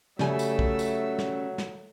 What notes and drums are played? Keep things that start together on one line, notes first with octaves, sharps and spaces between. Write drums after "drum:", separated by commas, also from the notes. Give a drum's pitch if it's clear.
C#3 F#3 G3 A3 E5 G#5, drum: snare
drum: tambourine
drum: kick
drum: tambourine
drum: snare
drum: snare